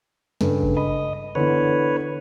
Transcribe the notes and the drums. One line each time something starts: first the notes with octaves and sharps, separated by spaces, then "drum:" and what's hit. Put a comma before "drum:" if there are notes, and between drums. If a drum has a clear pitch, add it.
G2 C#3 A4, drum: snare
drum: kick G#1
D#5 B5
D3 E3 B3 B4 C#5